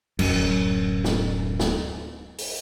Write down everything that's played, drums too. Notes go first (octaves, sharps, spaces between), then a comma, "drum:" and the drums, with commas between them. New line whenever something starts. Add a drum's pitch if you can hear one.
D1 F#2, drum: cymbal
drum: snare
drum: snare
drum: open hi-hat